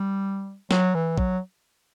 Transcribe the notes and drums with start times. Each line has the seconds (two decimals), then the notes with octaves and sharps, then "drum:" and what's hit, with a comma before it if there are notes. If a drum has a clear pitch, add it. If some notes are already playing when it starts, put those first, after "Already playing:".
Already playing: G3
0.71 F#3, drum: snare
0.95 E3
1.18 F#3, drum: kick